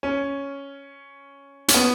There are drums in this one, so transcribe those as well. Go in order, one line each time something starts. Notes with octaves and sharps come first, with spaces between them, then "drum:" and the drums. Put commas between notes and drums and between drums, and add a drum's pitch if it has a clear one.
C#4
C#4, drum: hi-hat
B3